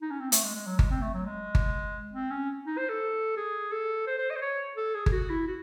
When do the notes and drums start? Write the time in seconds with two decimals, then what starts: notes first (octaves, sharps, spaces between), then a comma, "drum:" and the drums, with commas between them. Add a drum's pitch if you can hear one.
0.02 D#4
0.11 C#4
0.20 C4
0.32 A3, drum: hi-hat
0.44 G#3
0.55 G#3
0.67 F#3
0.79 G#3, drum: kick G1
0.91 C4
1.02 A3
1.14 F#3
1.26 G#3
1.55 drum: kick G1
2.13 C4
2.31 C#4
2.66 D#4
2.78 C5
2.90 A4
3.37 G#4
3.72 A4
4.07 C5
4.19 C5
4.30 D#5
4.36 C5
4.42 C#5
4.77 A4
4.95 G#4
5.06 G#4, drum: kick G1
5.12 F#4
5.30 E4
5.47 F#4